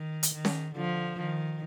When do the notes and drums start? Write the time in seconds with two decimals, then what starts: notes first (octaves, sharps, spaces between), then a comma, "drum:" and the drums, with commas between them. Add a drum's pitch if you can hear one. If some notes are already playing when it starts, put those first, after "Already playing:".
Already playing: D#3
0.23 drum: hi-hat
0.35 D#3
0.45 drum: snare C#4
0.76 D3 F3
1.18 D#3